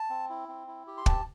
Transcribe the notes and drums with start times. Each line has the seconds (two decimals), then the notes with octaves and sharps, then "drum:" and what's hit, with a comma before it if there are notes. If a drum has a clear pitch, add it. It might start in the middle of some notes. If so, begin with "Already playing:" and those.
Already playing: A5
0.10 C4
0.30 E4
0.49 C4
0.67 E4
0.87 G4
0.97 C6
1.06 C4 A5, drum: kick